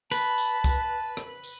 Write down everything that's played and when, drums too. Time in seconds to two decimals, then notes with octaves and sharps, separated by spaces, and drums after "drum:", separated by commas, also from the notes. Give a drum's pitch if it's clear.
0.12 B4 A5, drum: tambourine
0.38 drum: tambourine
0.64 drum: kick, tambourine
1.17 drum: rim click
1.44 drum: tambourine